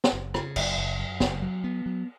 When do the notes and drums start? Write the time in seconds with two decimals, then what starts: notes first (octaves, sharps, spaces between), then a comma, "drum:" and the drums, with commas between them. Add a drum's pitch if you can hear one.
0.04 drum: snare
0.13 F#1
0.34 C#3, drum: rim click
0.56 F#1, drum: cymbal
0.78 F#1
0.99 F#2
1.20 F#1, drum: snare
1.42 F#3
1.64 B3
1.86 F#3